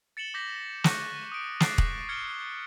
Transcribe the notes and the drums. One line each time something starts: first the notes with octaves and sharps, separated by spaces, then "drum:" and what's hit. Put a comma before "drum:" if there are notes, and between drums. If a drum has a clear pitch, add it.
A6 C#7 E7 F#7 G7
D6 G6 A#6 B6
C#6 D6 F#6 A#6 C#7 D#7, drum: snare
D#6 D7
D6 F#6 A6 B6 C7 D7, drum: snare
drum: kick
F6 G#6 C#7 D7 G7